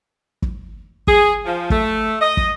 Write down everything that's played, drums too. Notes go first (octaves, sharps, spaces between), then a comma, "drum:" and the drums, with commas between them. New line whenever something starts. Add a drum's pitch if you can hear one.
drum: kick
G#4, drum: kick
F3
A3, drum: kick
D#5
drum: kick